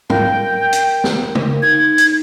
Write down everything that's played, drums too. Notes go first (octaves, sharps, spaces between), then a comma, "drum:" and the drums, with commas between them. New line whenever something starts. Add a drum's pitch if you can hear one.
A#4 F5 G5, drum: tom
drum: hi-hat
drum: snare
drum: tom
D#4 G#6
drum: hi-hat